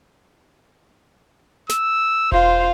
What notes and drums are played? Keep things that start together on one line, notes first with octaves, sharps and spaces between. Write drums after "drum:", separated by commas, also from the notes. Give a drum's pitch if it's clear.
E6, drum: snare
F4 C5 F5, drum: kick E1